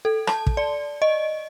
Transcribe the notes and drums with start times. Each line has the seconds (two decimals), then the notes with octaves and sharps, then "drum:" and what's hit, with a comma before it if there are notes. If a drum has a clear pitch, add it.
0.05 A4
0.27 A5, drum: rim click
0.47 drum: kick
0.57 D5
1.02 D#5